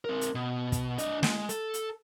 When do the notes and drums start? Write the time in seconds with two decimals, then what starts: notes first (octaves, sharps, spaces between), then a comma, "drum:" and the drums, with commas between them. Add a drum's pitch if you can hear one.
0.05 C4 A#4
0.21 drum: hi-hat
0.35 B2
0.72 drum: kick, hi-hat
0.98 D4 D#5, drum: hi-hat
1.23 G#3, drum: snare
1.49 A4, drum: hi-hat
1.74 drum: hi-hat